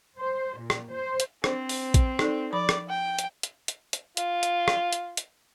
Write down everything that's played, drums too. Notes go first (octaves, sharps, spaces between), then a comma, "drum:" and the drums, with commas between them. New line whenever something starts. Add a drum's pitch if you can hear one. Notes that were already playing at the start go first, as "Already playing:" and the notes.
C5
A#2
drum: rim click
C5
drum: hi-hat
C4 D4 C5, drum: rim click
drum: open hi-hat
drum: kick A#1, hi-hat
D#4 A4 D5, drum: rim click
F3 D5 B5
drum: rim click
G5
drum: hi-hat
drum: hi-hat
drum: hi-hat
drum: hi-hat
F4, drum: hi-hat
drum: hi-hat
drum: rim click
drum: hi-hat
drum: hi-hat